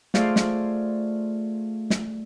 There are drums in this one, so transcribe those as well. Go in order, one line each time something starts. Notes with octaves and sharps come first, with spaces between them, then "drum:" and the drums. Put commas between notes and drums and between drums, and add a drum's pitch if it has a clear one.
A3 F4 G#4 C5 D5 F5, drum: snare
drum: snare
drum: snare